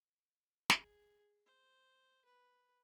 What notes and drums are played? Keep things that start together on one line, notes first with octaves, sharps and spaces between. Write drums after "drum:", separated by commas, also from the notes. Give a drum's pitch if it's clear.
G#4, drum: snare
C5
B4